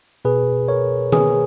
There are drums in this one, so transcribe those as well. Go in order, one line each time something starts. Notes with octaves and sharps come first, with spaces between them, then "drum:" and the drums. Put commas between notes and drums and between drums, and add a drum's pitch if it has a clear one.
B2 G#4 B4
B2 A#4 C#5
A#3 G#4 B4, drum: tom D#3